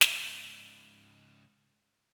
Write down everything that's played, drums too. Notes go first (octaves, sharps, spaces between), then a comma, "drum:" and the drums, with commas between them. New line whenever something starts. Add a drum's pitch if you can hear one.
C#2 G#2, drum: snare